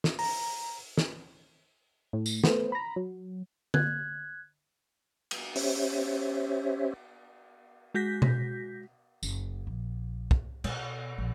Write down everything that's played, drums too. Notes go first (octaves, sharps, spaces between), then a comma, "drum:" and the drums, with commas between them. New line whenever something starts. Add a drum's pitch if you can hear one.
drum: snare
A#5, drum: open hi-hat
drum: snare
A2
drum: tambourine
A3 B3 C5, drum: snare
A#5 B5
F#3
F#6 G#6, drum: tom D3
drum: cymbal
C#4 G4 C5 C#5 E5, drum: open hi-hat
G#3 F#4 G6 A#6 B6
drum: tom B2
F#1, drum: tambourine
A#1
drum: kick
B2, drum: cymbal
A#1